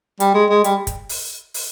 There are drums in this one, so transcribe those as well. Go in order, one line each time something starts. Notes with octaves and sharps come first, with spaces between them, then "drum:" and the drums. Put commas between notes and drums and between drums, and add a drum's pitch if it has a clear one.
G3, drum: hi-hat
G#3
G#3
G3, drum: hi-hat
drum: kick, hi-hat
drum: open hi-hat
drum: open hi-hat